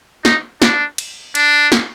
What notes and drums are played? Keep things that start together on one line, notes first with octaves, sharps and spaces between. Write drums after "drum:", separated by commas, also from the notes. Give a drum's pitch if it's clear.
D#4, drum: snare
D4, drum: snare
drum: cymbal
D4, drum: cymbal
drum: snare